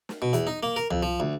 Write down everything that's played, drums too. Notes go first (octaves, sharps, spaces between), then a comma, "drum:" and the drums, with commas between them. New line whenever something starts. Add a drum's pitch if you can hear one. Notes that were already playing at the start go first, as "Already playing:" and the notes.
drum: snare
B2
E2, drum: hi-hat
D#4
A#3
A#4
F2, drum: tom C2
F3
D2